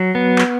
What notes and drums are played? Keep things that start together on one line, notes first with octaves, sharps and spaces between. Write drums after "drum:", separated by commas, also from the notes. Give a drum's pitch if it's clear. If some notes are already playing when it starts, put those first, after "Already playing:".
Already playing: F#3
B3
drum: clap